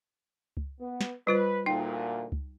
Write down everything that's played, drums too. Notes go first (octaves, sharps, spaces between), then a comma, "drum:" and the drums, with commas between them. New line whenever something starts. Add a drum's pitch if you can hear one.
drum: kick C#2
B3
drum: snare
G3 F4 B4 C5
D2 A#2 D#4 G5
drum: kick C#2